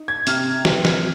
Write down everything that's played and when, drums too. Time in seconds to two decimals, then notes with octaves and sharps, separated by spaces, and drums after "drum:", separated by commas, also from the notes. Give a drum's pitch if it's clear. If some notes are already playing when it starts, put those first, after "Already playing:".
Already playing: D#4
0.08 G#6
0.27 C3 F6, drum: hi-hat
0.65 E3, drum: snare
0.85 drum: snare